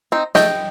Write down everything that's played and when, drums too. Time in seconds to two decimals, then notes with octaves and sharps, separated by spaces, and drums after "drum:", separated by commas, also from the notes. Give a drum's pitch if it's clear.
0.12 C4 D#4
0.35 A3 D#5 G5, drum: snare